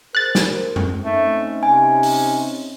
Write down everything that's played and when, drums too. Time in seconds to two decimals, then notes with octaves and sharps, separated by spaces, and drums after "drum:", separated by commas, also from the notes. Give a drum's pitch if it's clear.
0.15 G#4 A#4 C5 F#6 A6
0.35 drum: snare
0.76 drum: tom F#2
1.05 A3 C4 C#4 D#4
1.63 C3 G#5
2.03 drum: open hi-hat